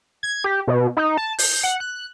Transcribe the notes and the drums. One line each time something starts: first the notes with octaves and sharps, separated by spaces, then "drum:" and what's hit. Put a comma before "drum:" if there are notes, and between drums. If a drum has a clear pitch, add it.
G#6
G4
B2
D#4
A5
G6, drum: open hi-hat
F#5
F#6